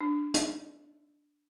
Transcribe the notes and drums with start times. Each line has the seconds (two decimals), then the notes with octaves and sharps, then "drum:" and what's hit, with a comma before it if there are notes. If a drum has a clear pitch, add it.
0.01 D4
0.34 drum: hi-hat